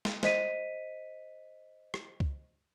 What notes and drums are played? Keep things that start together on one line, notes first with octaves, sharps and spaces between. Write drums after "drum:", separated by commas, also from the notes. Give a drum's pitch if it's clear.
drum: snare
C5 D#5 B6 D#7, drum: snare
drum: rim click
drum: kick C#2